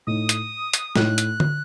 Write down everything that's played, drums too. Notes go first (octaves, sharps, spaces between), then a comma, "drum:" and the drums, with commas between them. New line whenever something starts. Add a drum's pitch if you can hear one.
A2 A3 D#4 D#6
drum: hi-hat
drum: hi-hat
A2 A3 D#4 F#6, drum: snare
drum: hi-hat
drum: tom D3